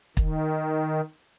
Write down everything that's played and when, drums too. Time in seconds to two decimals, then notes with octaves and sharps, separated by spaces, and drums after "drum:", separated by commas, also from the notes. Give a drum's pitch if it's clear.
0.17 D#3, drum: kick